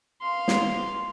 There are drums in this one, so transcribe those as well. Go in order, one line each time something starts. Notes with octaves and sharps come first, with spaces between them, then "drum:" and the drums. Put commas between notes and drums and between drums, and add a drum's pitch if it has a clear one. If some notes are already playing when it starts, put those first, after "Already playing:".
F5 C6
drum: snare